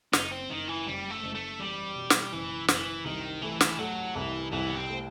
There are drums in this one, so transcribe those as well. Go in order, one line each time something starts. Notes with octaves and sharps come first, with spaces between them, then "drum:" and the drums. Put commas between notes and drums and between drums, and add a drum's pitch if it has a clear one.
F#1 D#4, drum: snare
C4
F#1 D#3
E3
F#1 G3
A3
F#1
A3
E2 G3
B2
drum: snare
F#1 E3
F#1 E3, drum: snare
C2 D#3
E3 A3
drum: snare
F#3 A3
C2 E3
C2 E3
B3
C4
A3